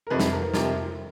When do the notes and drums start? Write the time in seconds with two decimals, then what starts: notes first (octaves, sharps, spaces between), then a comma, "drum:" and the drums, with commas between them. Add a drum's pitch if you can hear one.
0.07 A#4
0.10 F2 C3 F3 B4
0.20 drum: snare
0.32 A#4
0.54 F2 C3 F3 A#4, drum: snare